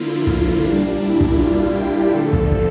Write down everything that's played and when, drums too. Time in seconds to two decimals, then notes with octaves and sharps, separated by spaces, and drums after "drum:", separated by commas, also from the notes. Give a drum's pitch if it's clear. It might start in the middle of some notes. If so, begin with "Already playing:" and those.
Already playing: D3 F3 A#3 E4 F4
0.27 drum: kick
0.64 A#2 G3 A#3 D4
1.02 E4
1.20 drum: kick
1.39 F4
1.77 G4
2.13 D3 F3 A3 A4
2.33 drum: kick
2.52 drum: kick